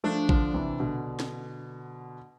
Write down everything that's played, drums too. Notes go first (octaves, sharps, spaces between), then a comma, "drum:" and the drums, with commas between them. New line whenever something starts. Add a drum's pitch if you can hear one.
F3 A3 D4
D3 F3, drum: kick A1
C3 E3
B2 D3
drum: snare